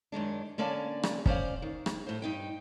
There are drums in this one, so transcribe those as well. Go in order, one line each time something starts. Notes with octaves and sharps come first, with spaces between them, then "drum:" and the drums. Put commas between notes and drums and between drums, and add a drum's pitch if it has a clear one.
F#2 D#3 G#3 D4
D3 A#3 C#4 D5 F5 A5
drum: rim click
C#4 C5 D5 F5, drum: kick
D#3
drum: rim click
A2 C5
G2 D#4 G5